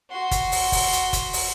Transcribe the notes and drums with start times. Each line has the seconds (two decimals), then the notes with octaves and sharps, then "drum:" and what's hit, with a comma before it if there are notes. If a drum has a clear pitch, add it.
0.11 F#4 C6
0.31 drum: kick F#1, hi-hat
0.52 drum: open hi-hat
0.72 drum: kick F#1, open hi-hat
0.92 drum: hi-hat
1.13 drum: kick F#1, hi-hat
1.33 drum: open hi-hat